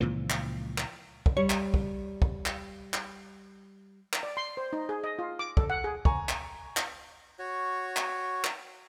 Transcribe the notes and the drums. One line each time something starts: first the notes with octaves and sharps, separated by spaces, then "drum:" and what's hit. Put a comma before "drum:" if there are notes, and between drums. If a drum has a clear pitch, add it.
C#2 A#2 E3 F3
drum: clap
drum: clap
drum: kick
G3 C#5
drum: clap
drum: kick
drum: kick
drum: clap
drum: clap
drum: clap
D5
C6
C5
D#4
G#4
D#5
F4
D6
A4, drum: kick
F#5
G#4
G#5 A#5 C#6, drum: kick
drum: clap
drum: clap
F#4 C#5
drum: clap
drum: clap